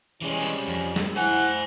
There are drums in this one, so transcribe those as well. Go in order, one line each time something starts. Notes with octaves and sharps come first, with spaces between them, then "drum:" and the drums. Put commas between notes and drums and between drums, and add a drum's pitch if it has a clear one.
C3 E3 G3 G#3 C#4
drum: open hi-hat
F2
drum: snare
E4 C5 F#5 G#5